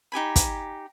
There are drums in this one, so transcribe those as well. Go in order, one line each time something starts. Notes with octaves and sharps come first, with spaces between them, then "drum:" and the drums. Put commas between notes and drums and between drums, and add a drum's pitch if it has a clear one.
D#4 G4 G#5 B5
drum: kick, hi-hat